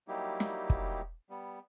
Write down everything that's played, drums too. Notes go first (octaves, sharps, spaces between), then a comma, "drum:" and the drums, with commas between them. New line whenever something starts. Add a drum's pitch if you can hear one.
F#3 G3 A#3 D#4 E4 G4
drum: snare
drum: kick
G3 B3